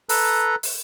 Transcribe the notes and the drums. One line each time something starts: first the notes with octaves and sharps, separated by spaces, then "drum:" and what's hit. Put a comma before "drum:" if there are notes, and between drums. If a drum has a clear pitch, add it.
A4 B4 A#5, drum: open hi-hat
drum: open hi-hat